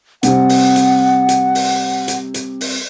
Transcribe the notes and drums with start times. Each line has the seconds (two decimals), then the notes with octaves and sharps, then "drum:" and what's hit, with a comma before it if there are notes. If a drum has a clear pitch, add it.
0.23 C3 G3 C4 F#5, drum: hi-hat
0.49 drum: open hi-hat
0.76 drum: hi-hat
1.29 drum: hi-hat
1.55 drum: open hi-hat
2.08 drum: hi-hat
2.34 drum: hi-hat
2.61 drum: open hi-hat